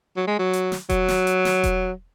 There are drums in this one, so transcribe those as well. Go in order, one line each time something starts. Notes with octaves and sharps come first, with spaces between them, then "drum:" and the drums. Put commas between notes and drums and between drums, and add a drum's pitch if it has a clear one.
F#3
G#3
F#3
drum: hi-hat
drum: snare
F#3, drum: kick E1, hi-hat
drum: snare
drum: hi-hat
drum: snare
drum: kick E1, hi-hat